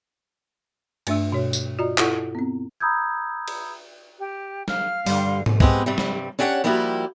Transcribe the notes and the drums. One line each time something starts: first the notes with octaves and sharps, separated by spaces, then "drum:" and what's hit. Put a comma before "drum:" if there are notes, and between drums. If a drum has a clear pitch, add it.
G2 A3 D4 E5 E6, drum: cymbal
B2 F#4 C#5
drum: tambourine
F4 F#4 D5 D#5 A#5
E4 F4 A4 F#5 C#6, drum: clap
B3 C4
A#5 B5 D#6 E6 G6 G#6
drum: cymbal
G4
F5 F6, drum: snare
G2 D3 G3 C6, drum: open hi-hat
drum: tom G#2
G#3 B3 C4 G4, drum: kick B1
G2 C3 G3
drum: snare
C#4 D4 G4 C#5 E5 F#5
F3 G3 A#3 E4 F#4 G4